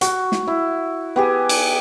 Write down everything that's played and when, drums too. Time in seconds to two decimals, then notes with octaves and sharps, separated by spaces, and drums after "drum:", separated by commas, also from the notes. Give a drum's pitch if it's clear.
0.01 F#4, drum: hi-hat
0.32 drum: snare
0.47 E4
1.16 B3 G4 G#4
1.49 drum: cymbal